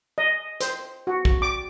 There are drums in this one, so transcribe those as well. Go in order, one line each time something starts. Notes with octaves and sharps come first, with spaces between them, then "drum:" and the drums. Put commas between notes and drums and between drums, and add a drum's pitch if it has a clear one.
D#5
C5, drum: hi-hat
F#4
drum: kick
D6